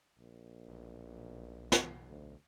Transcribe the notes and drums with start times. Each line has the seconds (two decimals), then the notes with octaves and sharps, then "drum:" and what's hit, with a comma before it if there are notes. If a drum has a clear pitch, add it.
0.19 A#1
0.68 B1
1.72 drum: snare
2.08 D2